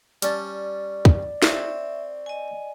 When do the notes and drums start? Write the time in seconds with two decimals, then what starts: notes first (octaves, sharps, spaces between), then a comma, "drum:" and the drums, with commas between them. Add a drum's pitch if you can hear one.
0.22 G3 C#4 D5 A5, drum: hi-hat
1.05 drum: kick
1.42 C4 C#5 E5, drum: snare
2.26 D#5 G#5